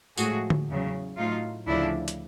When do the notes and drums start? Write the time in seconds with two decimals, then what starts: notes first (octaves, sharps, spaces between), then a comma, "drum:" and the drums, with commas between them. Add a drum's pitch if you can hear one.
0.18 A2 F3 G#3 F#4 G#4, drum: tambourine
0.50 drum: tom D3
0.68 E2 C#3 F#3
1.17 A2 F#3 D#4 F4
1.67 D2 C#3 F3 D4 E4
2.08 drum: hi-hat